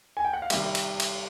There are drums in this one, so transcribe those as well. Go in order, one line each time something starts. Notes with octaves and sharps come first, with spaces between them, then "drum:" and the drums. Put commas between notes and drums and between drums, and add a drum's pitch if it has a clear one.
G#5
G5
F#5
F5
C3 D#3 G3 E5, drum: cymbal
drum: cymbal
drum: cymbal